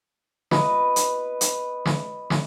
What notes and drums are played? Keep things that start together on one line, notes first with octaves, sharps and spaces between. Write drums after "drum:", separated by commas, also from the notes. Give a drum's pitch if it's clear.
B4 D#5, drum: snare
drum: hi-hat
drum: hi-hat
drum: snare
drum: snare